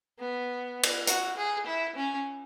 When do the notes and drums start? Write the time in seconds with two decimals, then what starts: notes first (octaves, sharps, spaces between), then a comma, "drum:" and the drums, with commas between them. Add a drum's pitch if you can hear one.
0.19 B3
0.83 drum: cymbal
1.07 F#4, drum: hi-hat
1.37 G#4
1.67 E4
1.95 C#4